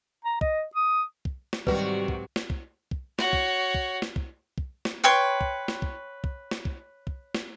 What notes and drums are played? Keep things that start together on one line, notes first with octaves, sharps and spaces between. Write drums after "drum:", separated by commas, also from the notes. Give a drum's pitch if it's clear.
A#5
D#5, drum: kick
D#6
drum: kick
drum: snare
G#2 C3 D#3 F#3 G3 F#4 B4, drum: kick
drum: kick
drum: snare
drum: kick
drum: kick
F#4 C#5, drum: snare
drum: kick
drum: kick
drum: snare
drum: kick
drum: kick
drum: snare
B4 C#5 G5 C6
drum: kick
drum: snare
drum: kick
drum: kick
drum: snare
drum: kick
drum: kick
drum: snare